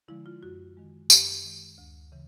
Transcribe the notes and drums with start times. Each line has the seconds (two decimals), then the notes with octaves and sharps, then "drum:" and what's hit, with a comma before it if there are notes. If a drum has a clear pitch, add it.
0.08 D3 F3 G#3 E4
0.26 F4
0.43 F#2 F#4
0.77 D#3 G#3
1.10 F#2 G4, drum: tambourine
1.44 D#3 G#3
1.78 D2
2.12 C#3 E3